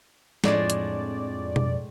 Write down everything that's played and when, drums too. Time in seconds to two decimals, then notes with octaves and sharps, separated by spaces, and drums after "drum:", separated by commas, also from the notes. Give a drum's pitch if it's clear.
0.44 F2 A2 G#3 D4 D5, drum: snare
0.70 drum: hi-hat
1.56 drum: tom B2